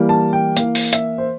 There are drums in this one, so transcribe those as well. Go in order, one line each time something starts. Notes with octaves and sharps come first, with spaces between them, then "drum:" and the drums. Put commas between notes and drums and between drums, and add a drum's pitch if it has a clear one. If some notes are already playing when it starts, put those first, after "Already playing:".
Already playing: E3 G3 A#3
A5
G5
E3 A#3 F5, drum: hi-hat
drum: open hi-hat
E5, drum: hi-hat
C5